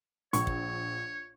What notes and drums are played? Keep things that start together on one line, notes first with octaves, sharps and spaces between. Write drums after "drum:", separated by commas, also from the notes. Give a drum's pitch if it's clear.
A#1 C#5 C#6, drum: hi-hat
drum: kick